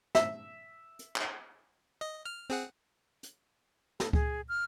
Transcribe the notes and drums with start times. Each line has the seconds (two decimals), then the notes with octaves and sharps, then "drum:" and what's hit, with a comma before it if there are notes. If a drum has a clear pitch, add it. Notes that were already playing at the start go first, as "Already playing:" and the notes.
0.15 E5, drum: snare
0.99 drum: hi-hat
1.16 drum: clap
2.01 D#5
2.25 F6
2.50 C4 G#4 F#5
3.23 drum: hi-hat
4.00 A4, drum: snare
4.13 G#4, drum: kick C#2
4.49 F6